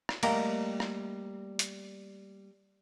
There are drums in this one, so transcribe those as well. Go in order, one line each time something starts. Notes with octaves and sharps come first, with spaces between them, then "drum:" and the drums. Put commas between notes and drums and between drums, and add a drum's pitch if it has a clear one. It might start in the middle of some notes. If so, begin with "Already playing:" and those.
drum: rim click
G3 A3 A#3 A#4 D#5 G5, drum: cymbal
drum: rim click
drum: hi-hat